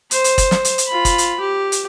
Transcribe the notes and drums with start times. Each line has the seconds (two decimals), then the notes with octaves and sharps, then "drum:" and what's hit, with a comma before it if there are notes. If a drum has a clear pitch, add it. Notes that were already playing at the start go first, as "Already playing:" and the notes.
0.11 C5, drum: hi-hat
0.24 drum: hi-hat
0.38 drum: kick, hi-hat
0.51 drum: snare
0.65 drum: hi-hat
0.78 drum: hi-hat
0.87 F4 B5
1.05 drum: kick, hi-hat
1.18 drum: hi-hat
1.40 G4
1.72 drum: hi-hat